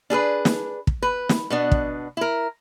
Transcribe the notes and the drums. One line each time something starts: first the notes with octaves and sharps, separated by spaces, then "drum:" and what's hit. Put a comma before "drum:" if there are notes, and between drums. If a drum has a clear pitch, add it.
D4 G#4 A4 B4
drum: snare
drum: kick
B4
drum: snare
B2 B3 D4
drum: kick
E4 A#4